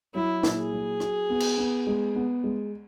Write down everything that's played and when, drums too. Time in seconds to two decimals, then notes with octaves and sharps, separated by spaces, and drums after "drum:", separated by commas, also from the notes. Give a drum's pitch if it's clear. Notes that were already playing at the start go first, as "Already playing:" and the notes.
0.14 F#3 E4
0.43 A#2, drum: snare
0.58 G#4
0.72 F#3
1.00 F#4, drum: rim click
1.30 B3
1.40 drum: cymbal
1.58 B3
1.87 G#3
2.15 B3
2.44 G#3